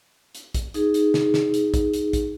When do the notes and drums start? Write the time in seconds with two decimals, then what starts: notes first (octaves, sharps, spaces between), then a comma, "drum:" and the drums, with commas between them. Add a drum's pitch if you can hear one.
0.35 drum: hi-hat
0.54 drum: kick, hi-hat
0.74 D#4 G#4, drum: hi-hat
0.94 drum: hi-hat
1.14 drum: snare
1.34 drum: snare
1.54 drum: hi-hat
1.74 drum: kick, hi-hat
1.94 drum: hi-hat
2.13 drum: kick, hi-hat